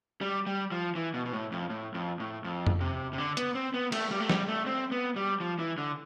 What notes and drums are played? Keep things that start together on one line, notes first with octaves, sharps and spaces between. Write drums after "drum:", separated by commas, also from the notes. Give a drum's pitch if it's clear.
G3
G3
F3
E3
B2
B2
A2
F2
A2
F2
A2
F2
drum: tom F2
C3
C3
D3
B3, drum: hi-hat
C4
B3
A3, drum: cymbal
G3
A3
G3, drum: snare
A3
C4
B3
G3
F3
E3
D3